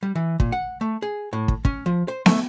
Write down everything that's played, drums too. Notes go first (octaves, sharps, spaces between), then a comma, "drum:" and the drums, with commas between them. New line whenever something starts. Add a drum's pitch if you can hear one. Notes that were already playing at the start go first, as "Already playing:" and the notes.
G3
E3
A#2, drum: kick
F#5
A3
G#4
A2
drum: kick
C#4, drum: kick
F3
C5
A3, drum: snare